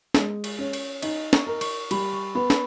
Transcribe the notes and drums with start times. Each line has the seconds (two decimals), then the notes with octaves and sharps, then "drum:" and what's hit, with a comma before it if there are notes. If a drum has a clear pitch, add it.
0.14 G#3, drum: snare
0.44 drum: cymbal
0.59 C#4
0.73 drum: cymbal
1.02 D#4 D#5, drum: cymbal
1.33 C#6, drum: snare
1.47 A#4
1.61 C#6, drum: cymbal
1.91 G3 B5, drum: cymbal
2.13 C#6
2.35 B3 B5
2.50 drum: snare